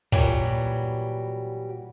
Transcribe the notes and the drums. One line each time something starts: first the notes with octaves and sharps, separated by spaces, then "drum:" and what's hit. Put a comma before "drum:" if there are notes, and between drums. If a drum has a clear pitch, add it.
A#2 E3 F#3 G3, drum: kick